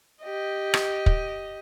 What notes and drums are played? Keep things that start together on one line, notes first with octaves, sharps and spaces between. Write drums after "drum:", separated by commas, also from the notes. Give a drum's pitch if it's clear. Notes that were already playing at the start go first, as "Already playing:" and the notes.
G4 D#5
drum: rim click
drum: kick